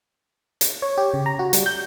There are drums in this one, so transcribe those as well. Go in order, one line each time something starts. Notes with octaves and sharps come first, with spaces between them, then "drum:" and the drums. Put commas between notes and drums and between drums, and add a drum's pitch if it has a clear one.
drum: hi-hat
C#5
G4
C#3
A#5
F#4
G3, drum: hi-hat
G6